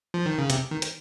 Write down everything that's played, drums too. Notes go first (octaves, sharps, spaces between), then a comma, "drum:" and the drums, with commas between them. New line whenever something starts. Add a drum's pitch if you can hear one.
F3
D#3
C#3
C3, drum: hi-hat
D#3
drum: hi-hat